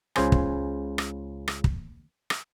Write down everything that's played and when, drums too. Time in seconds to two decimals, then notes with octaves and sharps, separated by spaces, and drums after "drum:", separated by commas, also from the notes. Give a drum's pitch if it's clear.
0.16 C#2 C#3 C5 G#5, drum: rim click
0.32 drum: kick
0.98 drum: rim click
1.48 drum: rim click
1.64 drum: kick
2.30 drum: rim click